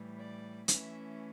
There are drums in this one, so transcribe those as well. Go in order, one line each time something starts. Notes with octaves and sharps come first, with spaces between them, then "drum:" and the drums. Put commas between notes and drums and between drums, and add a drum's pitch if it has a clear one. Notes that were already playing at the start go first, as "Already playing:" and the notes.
Already playing: A2 E3 G3
D5
E3 A3 C#4 E5, drum: hi-hat